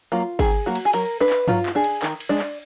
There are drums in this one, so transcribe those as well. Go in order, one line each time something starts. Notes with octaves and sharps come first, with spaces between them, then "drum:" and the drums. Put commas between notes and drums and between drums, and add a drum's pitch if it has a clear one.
F#3 A#3 F4
D#3 G#4, drum: kick G#1, cymbal
F#3 A#3 F#4
drum: cymbal
G#4
F#3 A#4, drum: cymbal
D4 B4
drum: clap
F#3 F4, drum: tom G2
drum: clap
D4 G#4
drum: cymbal
D#3, drum: clap
drum: cymbal
G#3 D4 D5
drum: clap